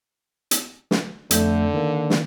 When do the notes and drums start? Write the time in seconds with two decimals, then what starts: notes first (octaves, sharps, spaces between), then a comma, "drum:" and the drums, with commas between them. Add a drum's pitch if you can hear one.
0.51 drum: hi-hat
0.91 drum: snare
1.31 F2 D3 A3 G6, drum: hi-hat
1.74 D#3 A#3
2.10 drum: snare